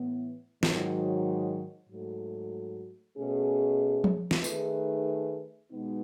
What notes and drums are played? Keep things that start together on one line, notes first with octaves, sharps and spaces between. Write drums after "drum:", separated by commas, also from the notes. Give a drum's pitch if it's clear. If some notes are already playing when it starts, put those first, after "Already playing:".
Already playing: A2 E3 B3
G#2 D#3 F#3, drum: snare
G#2 F#3 A3
B2 A3 C#4 G#4
drum: tom F3
drum: snare
D#3 A3 D#4 G#4 B4, drum: tambourine
B2 G#3 B3 D#4